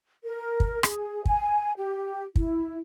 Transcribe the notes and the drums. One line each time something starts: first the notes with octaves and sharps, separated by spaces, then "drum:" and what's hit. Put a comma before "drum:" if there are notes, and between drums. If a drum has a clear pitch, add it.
A#4
drum: kick
G#4, drum: rim click
G#5, drum: kick
G4
E4, drum: kick